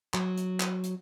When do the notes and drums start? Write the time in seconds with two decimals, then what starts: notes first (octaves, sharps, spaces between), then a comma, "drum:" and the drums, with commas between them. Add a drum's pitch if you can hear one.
0.14 F#3, drum: clap
0.37 drum: hi-hat
0.60 drum: clap
0.83 drum: hi-hat